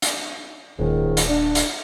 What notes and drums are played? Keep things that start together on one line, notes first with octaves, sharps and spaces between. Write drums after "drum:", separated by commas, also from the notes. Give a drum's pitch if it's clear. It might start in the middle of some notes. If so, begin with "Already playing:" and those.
drum: hi-hat
D#1 C#2 G#2 D#3
drum: hi-hat
D4
drum: hi-hat